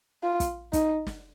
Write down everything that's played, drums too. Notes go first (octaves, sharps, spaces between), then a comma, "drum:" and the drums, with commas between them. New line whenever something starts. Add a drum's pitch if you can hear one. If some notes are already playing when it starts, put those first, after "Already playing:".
F4
drum: kick, hi-hat
D#4, drum: kick, hi-hat
drum: snare